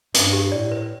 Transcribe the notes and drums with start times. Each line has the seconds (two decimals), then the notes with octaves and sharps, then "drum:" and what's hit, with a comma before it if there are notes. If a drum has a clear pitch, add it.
0.14 G2 B4, drum: hi-hat
0.33 G4
0.52 A2 D5
0.72 B4